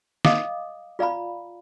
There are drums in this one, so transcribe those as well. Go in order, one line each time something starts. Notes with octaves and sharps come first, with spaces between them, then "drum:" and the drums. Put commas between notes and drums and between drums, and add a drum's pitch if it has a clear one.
D#5 F5 D6 D#6, drum: snare
F4 D5 F5 A#5 B5